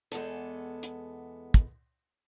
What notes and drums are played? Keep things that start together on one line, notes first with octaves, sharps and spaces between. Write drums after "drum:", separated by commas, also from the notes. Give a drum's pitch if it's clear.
E2 G#3 B3 A4, drum: hi-hat
drum: hi-hat
drum: kick, hi-hat